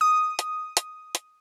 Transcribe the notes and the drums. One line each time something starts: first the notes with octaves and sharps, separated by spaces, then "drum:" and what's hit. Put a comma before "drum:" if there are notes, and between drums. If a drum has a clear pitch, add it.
D#6
drum: hi-hat
drum: hi-hat
drum: hi-hat